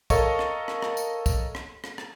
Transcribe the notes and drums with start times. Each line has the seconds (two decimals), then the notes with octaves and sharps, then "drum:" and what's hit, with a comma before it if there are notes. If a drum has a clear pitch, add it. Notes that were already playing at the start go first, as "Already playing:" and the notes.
0.10 A4 A#4 C#5 D#5 F5 C#6, drum: kick, tambourine
0.39 drum: rim click
0.68 drum: rim click
0.82 drum: rim click
0.97 drum: tambourine
1.26 drum: kick, tambourine
1.55 drum: rim click
1.84 drum: rim click
1.98 drum: rim click